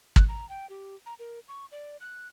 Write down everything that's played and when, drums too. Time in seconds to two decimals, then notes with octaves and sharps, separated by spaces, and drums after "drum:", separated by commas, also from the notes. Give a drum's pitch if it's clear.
0.16 F#6, drum: kick
0.29 A#5
0.49 G5
0.70 G4
1.06 A#5
1.19 A#4
1.48 C#6
1.72 D5
2.01 F#6